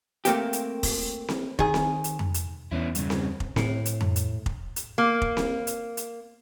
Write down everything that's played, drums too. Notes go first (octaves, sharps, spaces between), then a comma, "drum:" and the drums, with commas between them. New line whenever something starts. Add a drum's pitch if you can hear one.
A3 A#3 C4 G4, drum: hi-hat
drum: hi-hat
drum: kick F1, open hi-hat
drum: snare C4
D#3 G#4, drum: kick F1
drum: snare C4
drum: hi-hat
drum: tom F2
drum: hi-hat
E2 B3 C#4 E4
G2 C#3, drum: hi-hat
drum: snare C4
drum: kick F1
A2, drum: snare C4
drum: hi-hat
drum: tom F2
drum: hi-hat
drum: kick F1
drum: hi-hat
A#3
drum: kick F1
drum: snare C4
drum: hi-hat
drum: hi-hat